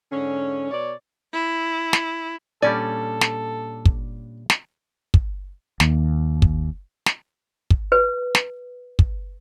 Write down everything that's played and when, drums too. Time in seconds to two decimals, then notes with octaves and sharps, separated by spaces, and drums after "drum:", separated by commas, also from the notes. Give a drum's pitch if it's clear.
0.11 G#2 D3 C#4
0.71 B2 C#5 D5
1.33 E4
1.93 drum: snare
2.62 A#2 G3 C#4 D4 A4 D5 G#5
3.21 drum: snare
3.85 drum: kick
4.50 drum: snare
5.14 drum: kick
5.80 D#2, drum: snare
6.42 drum: kick
7.06 drum: snare
7.70 drum: kick
7.92 B4
8.35 drum: snare
8.99 drum: kick